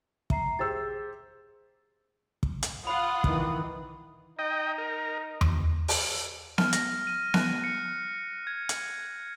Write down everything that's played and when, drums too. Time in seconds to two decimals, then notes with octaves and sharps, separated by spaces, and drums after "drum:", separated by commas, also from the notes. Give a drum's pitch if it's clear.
0.30 E5 A#5 C7, drum: kick
0.59 G4 G#4 C5 E6 A6
2.43 drum: kick
2.63 drum: hi-hat
2.87 F4 F#5 B5 D#6
3.24 D#3 E3, drum: kick
4.39 D#4 D#5 G5
4.78 A#4
5.41 drum: tom E2
5.88 drum: open hi-hat
6.58 F6, drum: snare B3
6.73 A#6, drum: hi-hat
7.07 D#7
7.34 F#6, drum: snare B3
7.64 C#7
8.47 G#6
8.69 drum: hi-hat